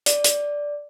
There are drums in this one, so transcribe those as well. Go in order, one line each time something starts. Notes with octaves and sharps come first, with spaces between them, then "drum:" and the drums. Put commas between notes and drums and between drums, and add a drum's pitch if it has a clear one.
D5, drum: hi-hat
drum: hi-hat